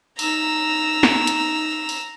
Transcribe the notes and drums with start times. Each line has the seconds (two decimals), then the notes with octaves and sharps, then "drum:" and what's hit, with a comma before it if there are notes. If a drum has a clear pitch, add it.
0.19 D#4 A#5 E6, drum: open hi-hat
1.03 drum: snare
1.27 drum: hi-hat
1.89 drum: open hi-hat